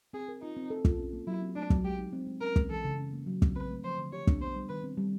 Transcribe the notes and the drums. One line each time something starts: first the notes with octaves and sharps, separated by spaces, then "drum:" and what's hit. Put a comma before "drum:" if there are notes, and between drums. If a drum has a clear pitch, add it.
C4 G#4
A#4
D#4 F4
C4
A4
F4, drum: kick
C#4
A#3
F#3 E4
C4
A3 D4
F#3, drum: kick
G#3 G4
D#4
C4
G#3
C#4 A#4
G#3, drum: kick
E3 A4
C#3
C#4
A#3
F#3
C#3, drum: kick
C4 B4
A3
F3 C5
D3
G4 C#5
D4, drum: kick
B3 C5
G3
D#3 B4
C4
G3